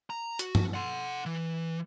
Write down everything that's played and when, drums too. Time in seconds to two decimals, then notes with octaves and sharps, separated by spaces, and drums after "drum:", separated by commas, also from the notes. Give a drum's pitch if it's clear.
0.10 A#5
0.39 F#4, drum: hi-hat
0.55 drum: tom
0.74 F#5 C6
1.26 E3